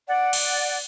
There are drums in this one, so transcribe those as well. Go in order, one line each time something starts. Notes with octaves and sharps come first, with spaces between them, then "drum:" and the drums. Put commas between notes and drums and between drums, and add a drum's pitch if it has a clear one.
D5 F#5
drum: cymbal